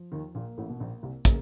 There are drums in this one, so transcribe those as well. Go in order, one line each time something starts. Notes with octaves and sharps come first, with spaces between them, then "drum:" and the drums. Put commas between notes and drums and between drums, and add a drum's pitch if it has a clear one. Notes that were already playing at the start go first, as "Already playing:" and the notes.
Already playing: F3
D#2 D#3
A#1 A#2 A#3
A1 A2
B2
A#1 A#2 A#3
C2 C3
C#3 A#3, drum: kick, hi-hat